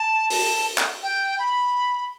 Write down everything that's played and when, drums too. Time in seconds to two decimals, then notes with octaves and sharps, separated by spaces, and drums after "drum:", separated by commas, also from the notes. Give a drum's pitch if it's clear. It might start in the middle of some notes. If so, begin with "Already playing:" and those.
Already playing: A5
0.30 A5, drum: open hi-hat
0.78 drum: clap
1.03 G5
1.39 B5